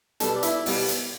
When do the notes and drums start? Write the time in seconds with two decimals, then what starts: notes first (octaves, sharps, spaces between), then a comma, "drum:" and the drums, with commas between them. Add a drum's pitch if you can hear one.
0.20 B2 G3 B3 A4 A5, drum: hi-hat
0.36 D5
0.43 E4 E5, drum: hi-hat
0.66 B2 G3 B3, drum: open hi-hat
0.88 drum: hi-hat